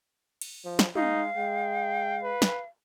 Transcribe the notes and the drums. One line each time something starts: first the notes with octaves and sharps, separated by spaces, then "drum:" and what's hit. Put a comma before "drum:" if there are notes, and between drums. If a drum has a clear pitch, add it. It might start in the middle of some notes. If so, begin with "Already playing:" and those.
drum: cymbal
F3
drum: snare
G#3 D#4 F5, drum: tom
G#3 G5
B4
drum: snare